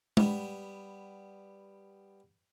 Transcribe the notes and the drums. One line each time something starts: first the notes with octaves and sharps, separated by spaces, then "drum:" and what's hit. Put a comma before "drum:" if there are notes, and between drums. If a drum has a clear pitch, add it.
G3 B3, drum: tom G#3